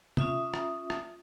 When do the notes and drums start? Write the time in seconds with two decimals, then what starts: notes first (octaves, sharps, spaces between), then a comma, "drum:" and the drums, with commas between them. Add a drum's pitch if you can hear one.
0.17 C#4 F4 E5 D#6, drum: tom
0.54 drum: rim click
0.90 drum: rim click